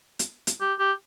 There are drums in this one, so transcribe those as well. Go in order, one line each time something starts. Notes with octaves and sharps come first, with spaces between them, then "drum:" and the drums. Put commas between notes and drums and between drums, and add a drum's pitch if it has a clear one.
drum: hi-hat
drum: hi-hat
G4
G4